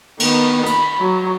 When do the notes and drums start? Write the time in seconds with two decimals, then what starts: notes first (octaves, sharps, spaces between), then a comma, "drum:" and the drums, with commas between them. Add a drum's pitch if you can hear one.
0.20 D#3 B3, drum: cymbal
0.66 B5, drum: hi-hat
0.99 F#3